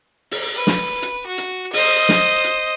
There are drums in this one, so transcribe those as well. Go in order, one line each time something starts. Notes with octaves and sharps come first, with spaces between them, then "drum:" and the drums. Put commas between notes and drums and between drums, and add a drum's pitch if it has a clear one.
drum: open hi-hat
B4
drum: snare
drum: hi-hat
F#4
drum: hi-hat
C5 D#5, drum: open hi-hat
drum: snare
drum: hi-hat